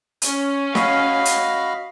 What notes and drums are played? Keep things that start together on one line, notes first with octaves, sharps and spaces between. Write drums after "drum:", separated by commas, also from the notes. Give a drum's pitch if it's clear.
C#4, drum: hi-hat
F#4 D#5 F5 B5, drum: snare
drum: hi-hat